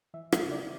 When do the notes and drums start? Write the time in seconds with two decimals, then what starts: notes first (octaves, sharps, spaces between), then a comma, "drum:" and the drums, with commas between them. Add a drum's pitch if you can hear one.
0.14 E3 E5
0.32 E5, drum: rim click
0.43 C#3
0.51 D5